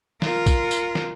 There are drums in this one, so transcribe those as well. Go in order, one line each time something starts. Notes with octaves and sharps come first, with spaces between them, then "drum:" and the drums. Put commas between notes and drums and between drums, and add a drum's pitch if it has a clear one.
F4 A#4, drum: snare
drum: kick A#1, tambourine
drum: tambourine
drum: snare